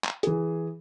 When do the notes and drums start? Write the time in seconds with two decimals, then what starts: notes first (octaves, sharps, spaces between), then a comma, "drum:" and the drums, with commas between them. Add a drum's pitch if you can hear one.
0.05 drum: clap
0.23 E3 G#4, drum: hi-hat